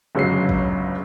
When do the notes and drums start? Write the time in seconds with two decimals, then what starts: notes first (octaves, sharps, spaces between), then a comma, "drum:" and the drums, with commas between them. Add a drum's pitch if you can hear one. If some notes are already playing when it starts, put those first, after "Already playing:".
0.15 G1 F#2 C#3 F#3 G#3 C7
0.49 drum: kick